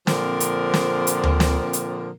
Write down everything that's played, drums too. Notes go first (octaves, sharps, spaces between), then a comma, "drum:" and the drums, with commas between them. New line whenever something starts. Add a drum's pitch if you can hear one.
A#2 D3 F3 C4 A#4, drum: snare
drum: hi-hat
drum: snare
drum: hi-hat
drum: tom D2
drum: snare
drum: hi-hat